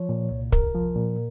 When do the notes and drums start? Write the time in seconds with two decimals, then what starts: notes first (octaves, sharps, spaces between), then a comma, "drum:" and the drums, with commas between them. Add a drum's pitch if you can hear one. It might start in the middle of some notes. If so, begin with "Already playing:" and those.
Already playing: F3 C#5
0.09 A#2
0.31 C2
0.52 C2 A#4, drum: kick
0.75 F3
0.96 A#2